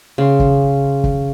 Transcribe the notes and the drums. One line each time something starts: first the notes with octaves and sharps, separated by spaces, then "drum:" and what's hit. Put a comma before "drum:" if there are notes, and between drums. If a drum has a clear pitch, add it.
C#3 C6
drum: kick
drum: kick